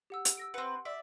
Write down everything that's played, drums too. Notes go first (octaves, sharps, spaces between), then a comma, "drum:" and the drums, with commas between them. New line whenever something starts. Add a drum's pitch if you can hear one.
G4 F#5 E6
drum: hi-hat
E6 A#6 D7
C4 B4 F#5 C#7 F#7
D5 E5